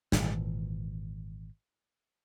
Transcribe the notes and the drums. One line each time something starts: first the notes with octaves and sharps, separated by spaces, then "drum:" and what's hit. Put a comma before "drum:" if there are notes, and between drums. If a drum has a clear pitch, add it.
G#1 A#2 E3, drum: snare